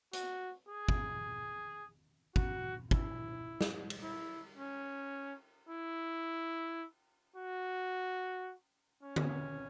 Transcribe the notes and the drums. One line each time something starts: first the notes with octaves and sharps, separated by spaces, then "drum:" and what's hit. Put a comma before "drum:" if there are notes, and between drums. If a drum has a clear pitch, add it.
F#4, drum: hi-hat
G#4
drum: kick
F#4, drum: kick
E4, drum: kick
drum: snare
drum: cymbal
E4
C#4
E4
F#4
C#4
drum: tom D3